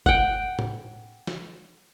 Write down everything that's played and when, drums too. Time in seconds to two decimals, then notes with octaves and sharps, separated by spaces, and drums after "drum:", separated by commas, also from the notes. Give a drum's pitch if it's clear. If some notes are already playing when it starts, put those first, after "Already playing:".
0.06 F#5 G5, drum: kick G1
0.59 drum: tom A2
1.27 drum: snare